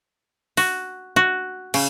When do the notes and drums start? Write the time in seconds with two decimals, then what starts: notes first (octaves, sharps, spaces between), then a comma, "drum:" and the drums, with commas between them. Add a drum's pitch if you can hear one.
0.57 F#4, drum: open hi-hat
1.16 F#4
1.74 C#3, drum: cymbal